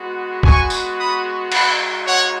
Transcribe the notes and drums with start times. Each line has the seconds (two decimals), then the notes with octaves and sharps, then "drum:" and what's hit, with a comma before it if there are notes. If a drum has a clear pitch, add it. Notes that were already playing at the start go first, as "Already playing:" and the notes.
Already playing: G#3 B3 F#4
0.43 G#5 C#6, drum: kick E1
0.70 drum: tambourine
0.98 B5 D#6
1.52 G#3 D#4 F#4 F#5 B5, drum: cymbal
2.06 C#5 F#5